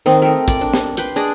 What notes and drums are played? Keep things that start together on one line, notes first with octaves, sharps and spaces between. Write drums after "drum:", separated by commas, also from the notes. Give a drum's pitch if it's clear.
D#3 C4 D#5
A3 A#4
D5, drum: kick, hi-hat
D4
drum: snare
B4 G5 C6, drum: hi-hat
D4 G#4 D5 D#5